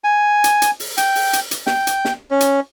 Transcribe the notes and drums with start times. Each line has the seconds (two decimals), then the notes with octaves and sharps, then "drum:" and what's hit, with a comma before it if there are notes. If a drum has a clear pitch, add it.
0.04 G#5
0.44 drum: hi-hat
0.62 drum: hi-hat
0.80 drum: open hi-hat
0.97 G5, drum: hi-hat
1.15 drum: open hi-hat
1.33 drum: hi-hat
1.51 drum: hi-hat
1.67 G5, drum: snare
1.87 drum: hi-hat
2.05 drum: snare
2.31 C#4
2.40 drum: hi-hat